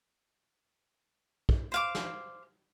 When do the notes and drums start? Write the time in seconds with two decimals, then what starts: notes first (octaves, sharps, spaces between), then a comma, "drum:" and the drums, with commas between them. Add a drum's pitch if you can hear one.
1.49 drum: kick
1.72 C5 F5 D6
1.95 drum: snare